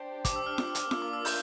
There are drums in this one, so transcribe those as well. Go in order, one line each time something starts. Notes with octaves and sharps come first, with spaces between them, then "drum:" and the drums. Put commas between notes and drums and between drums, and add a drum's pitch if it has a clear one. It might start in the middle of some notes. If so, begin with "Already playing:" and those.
Already playing: D4 G4 C5
D6, drum: kick, hi-hat
E6
F6
drum: snare F4
drum: hi-hat
A#3 D4 F4 E6, drum: snare F4
D6
E6
G6, drum: open hi-hat